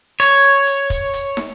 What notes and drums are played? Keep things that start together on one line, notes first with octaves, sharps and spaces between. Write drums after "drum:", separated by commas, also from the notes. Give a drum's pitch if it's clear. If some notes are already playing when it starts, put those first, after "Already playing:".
C#5, drum: hi-hat
drum: hi-hat
drum: hi-hat
drum: kick, hi-hat
drum: hi-hat
drum: snare